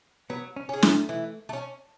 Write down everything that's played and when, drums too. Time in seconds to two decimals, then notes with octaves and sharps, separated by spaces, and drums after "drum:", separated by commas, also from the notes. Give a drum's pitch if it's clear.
0.30 F#3 B3
0.56 C#4
0.69 C#4 G#4
0.83 A3, drum: snare
1.09 E3
1.49 A3
1.53 C#4